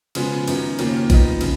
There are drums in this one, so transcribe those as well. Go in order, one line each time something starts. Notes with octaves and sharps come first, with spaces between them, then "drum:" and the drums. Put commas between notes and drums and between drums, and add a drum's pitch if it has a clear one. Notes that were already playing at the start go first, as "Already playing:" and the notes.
C#3 F3 G#3 B3, drum: cymbal
F#2 D#3 F#3 B3, drum: cymbal
D#2 C#3 F3 A#3 C#4, drum: cymbal
F3 B3 D#4, drum: kick A1, cymbal
C#3 B3, drum: cymbal